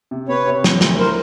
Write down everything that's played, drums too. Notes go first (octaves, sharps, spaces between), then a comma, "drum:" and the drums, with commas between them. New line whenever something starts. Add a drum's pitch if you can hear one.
C3
C3 B4 C#5
C3
F3, drum: snare
D2, drum: snare
E4 A#4 C5